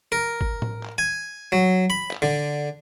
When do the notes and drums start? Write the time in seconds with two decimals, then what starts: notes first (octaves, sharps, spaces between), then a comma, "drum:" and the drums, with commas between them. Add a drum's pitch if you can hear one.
0.12 A#4
0.41 drum: kick
0.62 drum: tom A2
0.83 drum: clap
0.98 G#5
1.52 F#3
1.90 B5
2.11 drum: clap
2.22 D3